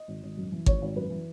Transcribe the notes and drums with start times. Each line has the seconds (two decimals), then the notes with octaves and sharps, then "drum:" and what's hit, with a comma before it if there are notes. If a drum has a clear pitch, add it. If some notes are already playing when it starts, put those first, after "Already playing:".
Already playing: D#5
0.08 G#1
0.23 G#1
0.37 F#2
0.52 E3
0.66 G#1 C#5, drum: kick G#1
0.82 G#1
0.96 F#2 B4
1.10 E3